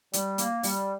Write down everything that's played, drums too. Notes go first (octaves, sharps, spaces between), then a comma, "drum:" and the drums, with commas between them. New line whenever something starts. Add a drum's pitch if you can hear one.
G3, drum: hi-hat
A#3, drum: hi-hat
G3, drum: open hi-hat